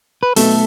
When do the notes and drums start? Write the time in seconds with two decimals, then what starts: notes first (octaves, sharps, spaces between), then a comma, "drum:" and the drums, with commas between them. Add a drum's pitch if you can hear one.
0.23 B4
0.36 B1 B2 A3 B3 A4, drum: open hi-hat